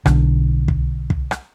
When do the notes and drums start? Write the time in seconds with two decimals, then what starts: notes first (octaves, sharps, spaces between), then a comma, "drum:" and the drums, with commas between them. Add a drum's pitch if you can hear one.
0.06 B1 D3, drum: rim click
0.68 drum: kick
1.10 drum: kick
1.31 drum: rim click